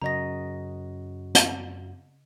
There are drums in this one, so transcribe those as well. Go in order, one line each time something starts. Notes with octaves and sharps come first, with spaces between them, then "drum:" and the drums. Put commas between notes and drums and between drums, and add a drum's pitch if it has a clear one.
F#2 C#3 F#4 D#5 A#5 A#6
drum: hi-hat